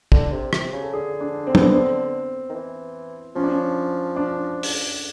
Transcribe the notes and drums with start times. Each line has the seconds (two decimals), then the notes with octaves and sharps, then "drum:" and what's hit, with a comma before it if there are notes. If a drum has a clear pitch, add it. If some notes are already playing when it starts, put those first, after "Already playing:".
0.12 D3, drum: kick
0.32 C3
0.53 C3, drum: rim click
0.73 C#3
0.82 A4
0.93 D3 G#4
1.20 D4
1.47 C4
1.55 B3, drum: tom
1.64 C4
1.74 C4
2.50 D#3
2.55 E3
3.36 F3 C#4
3.44 D4
3.51 C#4
4.16 D4
4.63 drum: open hi-hat